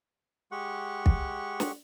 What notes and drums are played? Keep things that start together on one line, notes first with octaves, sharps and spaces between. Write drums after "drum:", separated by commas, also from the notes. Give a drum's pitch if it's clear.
G#3 G4 F#5 C#6
drum: kick
drum: snare